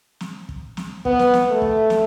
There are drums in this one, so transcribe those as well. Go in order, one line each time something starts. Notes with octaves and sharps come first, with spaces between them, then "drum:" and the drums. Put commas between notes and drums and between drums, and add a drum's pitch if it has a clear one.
drum: snare
drum: kick
drum: snare
B3, drum: kick
drum: snare
drum: snare
A3
drum: kick
drum: snare